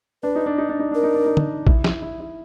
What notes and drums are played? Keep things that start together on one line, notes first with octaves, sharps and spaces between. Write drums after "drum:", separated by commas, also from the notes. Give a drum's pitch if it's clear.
D4 B4
D#4
D4
D#4
D4
D#4
D4 A#4
D#4
D4
D#4
D4, drum: tom
E4, drum: kick A#1
E4, drum: snare
E4
E4